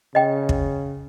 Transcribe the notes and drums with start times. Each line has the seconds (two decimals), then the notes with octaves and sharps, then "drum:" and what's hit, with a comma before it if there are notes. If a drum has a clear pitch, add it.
0.15 C#3 D#5 G5
0.49 drum: kick